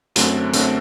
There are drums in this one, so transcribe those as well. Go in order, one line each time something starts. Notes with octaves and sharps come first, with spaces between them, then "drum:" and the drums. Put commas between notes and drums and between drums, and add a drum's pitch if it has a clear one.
F#2 D3 A3 C4, drum: hi-hat
F#2 D3 A3 C4, drum: hi-hat